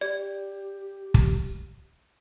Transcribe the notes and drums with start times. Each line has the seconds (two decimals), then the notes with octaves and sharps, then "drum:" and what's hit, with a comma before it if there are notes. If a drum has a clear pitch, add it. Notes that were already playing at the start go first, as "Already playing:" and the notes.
0.01 G4 D5
1.14 drum: kick